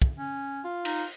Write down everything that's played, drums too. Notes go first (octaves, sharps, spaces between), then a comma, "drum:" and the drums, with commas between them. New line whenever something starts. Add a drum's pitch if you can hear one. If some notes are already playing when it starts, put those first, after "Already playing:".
drum: kick
C#4
F4
D#4, drum: cymbal